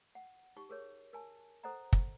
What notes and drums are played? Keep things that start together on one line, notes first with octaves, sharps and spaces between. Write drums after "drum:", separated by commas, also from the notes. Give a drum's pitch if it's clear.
F#5
D#4 G4 C#6
G#4 A#4 C#5
A#4 G#5 A5
A4 C5 D#5 F#5 A#5
drum: kick